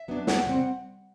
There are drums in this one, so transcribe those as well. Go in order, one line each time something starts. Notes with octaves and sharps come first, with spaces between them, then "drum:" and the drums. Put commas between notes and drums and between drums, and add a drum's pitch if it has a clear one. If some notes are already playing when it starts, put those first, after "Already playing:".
Already playing: E5
F#3 B3 D4
D2 F#5, drum: snare
C3 G3 C4